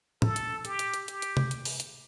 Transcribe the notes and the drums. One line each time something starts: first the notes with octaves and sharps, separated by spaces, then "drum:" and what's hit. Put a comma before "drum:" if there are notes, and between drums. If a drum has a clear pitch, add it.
A4, drum: tom
drum: hi-hat
G4, drum: hi-hat
drum: hi-hat
drum: hi-hat
G4, drum: hi-hat
drum: hi-hat
drum: tom C3
drum: hi-hat
drum: open hi-hat
drum: hi-hat